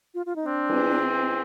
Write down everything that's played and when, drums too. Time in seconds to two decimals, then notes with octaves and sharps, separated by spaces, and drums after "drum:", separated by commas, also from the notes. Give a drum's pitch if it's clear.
0.15 F4
0.26 F4
0.36 D#4
0.45 C4 D4
0.69 drum: cymbal